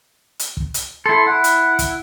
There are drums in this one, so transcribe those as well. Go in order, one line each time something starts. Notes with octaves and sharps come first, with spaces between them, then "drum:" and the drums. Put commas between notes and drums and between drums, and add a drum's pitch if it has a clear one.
drum: hi-hat
drum: kick
drum: hi-hat
E4 A4 C6
E4 F#5
drum: hi-hat
drum: kick, hi-hat